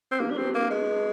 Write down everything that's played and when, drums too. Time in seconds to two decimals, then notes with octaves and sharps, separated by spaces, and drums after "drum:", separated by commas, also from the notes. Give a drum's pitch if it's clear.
0.12 C4
0.20 A#3, drum: cymbal
0.31 D4
0.38 C4
0.55 A#3
0.71 G#3